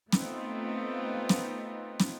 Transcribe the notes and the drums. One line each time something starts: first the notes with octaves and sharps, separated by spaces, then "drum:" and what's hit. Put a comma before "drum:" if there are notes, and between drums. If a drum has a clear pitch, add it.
A3 B3 C4 D#4 F4, drum: snare
drum: snare
drum: snare